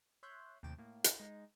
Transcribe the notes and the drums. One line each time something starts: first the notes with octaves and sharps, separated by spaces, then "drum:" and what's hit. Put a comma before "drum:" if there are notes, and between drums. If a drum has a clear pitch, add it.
C#5 E5 C6 F#6 G6
D#2 A2 C3 G5 D6 E7
A2 A#3
drum: hi-hat
G#3 D#4